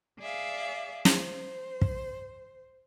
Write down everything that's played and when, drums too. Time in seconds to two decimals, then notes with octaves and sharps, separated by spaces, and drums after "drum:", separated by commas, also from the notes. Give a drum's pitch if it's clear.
0.20 G#4 D5 E5 F5
1.05 C5, drum: snare
1.81 drum: kick